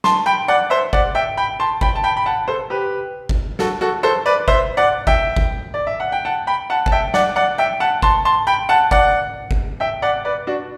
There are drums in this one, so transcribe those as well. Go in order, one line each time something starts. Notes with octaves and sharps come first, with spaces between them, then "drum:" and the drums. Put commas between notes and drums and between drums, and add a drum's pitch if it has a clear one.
A5 C6, drum: snare
G5 B5
D5 F#5
C5 E5
D5 F#5, drum: kick G1
E5 G5
G5 B5
A5 C6
G5 B5, drum: kick G1
A5
G5 B5
B5
F#5 A5
A4 C5
G4 B4
drum: kick G1
F#4 A4, drum: snare
F#4 A4
A4 C5
B4 D5
C5 E5, drum: kick G1
D5 F#5
E5 G5, drum: kick G1
drum: kick G1
D5
E5
F#5
G5
F#5 A5
G5 B5
F#5 A5
A5, drum: kick G1
E5 G5
D5 F#5, drum: snare
D5 F#5
E5 G5
F#5 A5
A5 C6, drum: kick G1
A5 C6
G5 B5
F#5 A5
D5 F#5, drum: kick G1
drum: kick G1
E5 G5
D5 F#5
B4 D5
D4 F#4